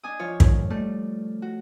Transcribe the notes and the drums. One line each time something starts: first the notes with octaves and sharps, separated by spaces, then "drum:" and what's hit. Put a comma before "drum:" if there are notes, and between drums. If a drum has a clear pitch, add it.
D4 G#5 D#6
F3 F4 C#5
F2 G#2 D#3, drum: kick
G3 A3
F#4